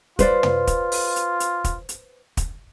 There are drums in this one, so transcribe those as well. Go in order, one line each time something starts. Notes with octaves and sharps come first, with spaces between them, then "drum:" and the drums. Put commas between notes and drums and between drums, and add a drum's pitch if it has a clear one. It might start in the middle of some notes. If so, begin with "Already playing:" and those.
F4 B4 C5 D5, drum: kick, hi-hat
drum: tom
drum: kick, hi-hat
drum: open hi-hat
drum: hi-hat
drum: hi-hat
drum: kick, hi-hat
drum: hi-hat
drum: kick, hi-hat